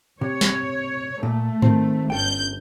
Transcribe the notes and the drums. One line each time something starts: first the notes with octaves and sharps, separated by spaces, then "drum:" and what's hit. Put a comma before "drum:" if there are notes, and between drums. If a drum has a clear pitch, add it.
C3 C#5
drum: snare
A#2 A3
D#3 C4, drum: tom G#2
G1 C#4 A4 G5 G6